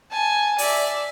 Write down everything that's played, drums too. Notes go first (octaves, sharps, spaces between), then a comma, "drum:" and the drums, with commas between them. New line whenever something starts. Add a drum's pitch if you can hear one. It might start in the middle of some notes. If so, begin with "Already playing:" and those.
G#5 A5
D5 E5, drum: open hi-hat